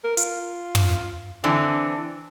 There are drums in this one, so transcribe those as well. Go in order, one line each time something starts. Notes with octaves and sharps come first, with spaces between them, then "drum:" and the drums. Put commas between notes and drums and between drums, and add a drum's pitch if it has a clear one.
A#4
F4, drum: hi-hat
drum: tom
D3 E3 C4 D4